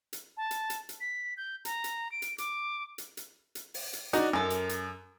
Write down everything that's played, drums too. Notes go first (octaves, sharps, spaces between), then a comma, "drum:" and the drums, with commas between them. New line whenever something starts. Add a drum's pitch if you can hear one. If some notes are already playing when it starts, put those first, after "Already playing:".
drum: hi-hat
A5
drum: hi-hat
drum: hi-hat
drum: hi-hat
B6
G6
A#5, drum: hi-hat
drum: hi-hat
D7
drum: hi-hat
D6, drum: hi-hat
drum: hi-hat
drum: hi-hat
drum: hi-hat
drum: open hi-hat
drum: hi-hat
D4 D#4 F#4, drum: hi-hat
F#2 A4 A#4
drum: hi-hat
drum: hi-hat